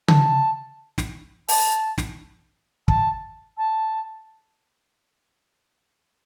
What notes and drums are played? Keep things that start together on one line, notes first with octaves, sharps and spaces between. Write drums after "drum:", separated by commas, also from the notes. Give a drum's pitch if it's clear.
A5, drum: tom C#3
drum: snare
A5, drum: open hi-hat
drum: snare
A5, drum: kick
A5